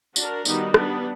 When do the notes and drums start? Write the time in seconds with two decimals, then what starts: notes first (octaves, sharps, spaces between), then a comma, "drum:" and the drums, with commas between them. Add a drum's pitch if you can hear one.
0.16 D4 F#4 A#4, drum: tambourine
0.45 D#3 G3 B3 D#4 F#4, drum: tambourine
0.74 G3 B3 D4, drum: rim click